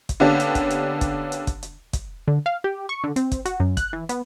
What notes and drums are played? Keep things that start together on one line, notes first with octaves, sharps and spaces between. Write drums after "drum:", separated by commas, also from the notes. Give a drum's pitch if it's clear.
drum: kick, hi-hat
D3 A#3 B3 C#4 D4 G4
drum: hi-hat
drum: kick, hi-hat
drum: hi-hat
drum: kick, hi-hat
drum: hi-hat
drum: kick, hi-hat
drum: hi-hat
drum: kick, hi-hat
D3
F5
G4
C#6
D3
C4, drum: hi-hat
drum: kick, hi-hat
F#4, drum: hi-hat
F#2
F#6, drum: kick, hi-hat
E3
B3, drum: hi-hat